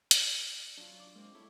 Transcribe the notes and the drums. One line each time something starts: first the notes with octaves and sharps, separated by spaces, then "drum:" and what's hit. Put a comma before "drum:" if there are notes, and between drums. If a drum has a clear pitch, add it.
drum: hi-hat
F#3 D4 F4
D6
G#3 A#3 C4
E4 A4 C#5